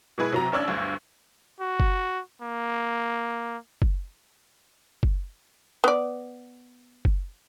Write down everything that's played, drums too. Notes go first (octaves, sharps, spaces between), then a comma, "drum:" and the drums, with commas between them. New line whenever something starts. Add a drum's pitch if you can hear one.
B2 G#3 E4 G#4 B4
C3 F#3 A#5
A1 C#4 D4 E6 G#6
G1 D2 G2
F#4
drum: kick F#1
A#3
drum: kick F#1
drum: kick F#1
B3 D5
drum: kick F#1